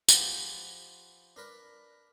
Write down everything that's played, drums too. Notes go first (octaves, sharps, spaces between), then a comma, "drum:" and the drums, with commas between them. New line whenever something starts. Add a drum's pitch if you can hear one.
F3 G4 B4 F#5 G#5, drum: tambourine
D4 A#4 B4 D5